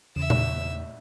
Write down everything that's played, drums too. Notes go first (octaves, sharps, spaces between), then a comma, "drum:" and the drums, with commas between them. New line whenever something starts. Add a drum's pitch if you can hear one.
E2 C#3 E5 E7
drum: tom A#2